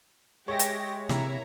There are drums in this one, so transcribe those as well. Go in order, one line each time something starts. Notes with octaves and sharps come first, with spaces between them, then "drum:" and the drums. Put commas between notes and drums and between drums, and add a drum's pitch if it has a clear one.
G#3 G4 C#5 E5 A#6
drum: hi-hat
C3 A#3 E4 C#5 E5 A#5, drum: snare